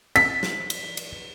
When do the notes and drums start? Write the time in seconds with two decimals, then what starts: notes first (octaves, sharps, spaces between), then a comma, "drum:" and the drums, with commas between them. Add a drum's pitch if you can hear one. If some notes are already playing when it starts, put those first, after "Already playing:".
0.16 B6, drum: cymbal
0.43 drum: snare
0.70 drum: cymbal
0.97 drum: cymbal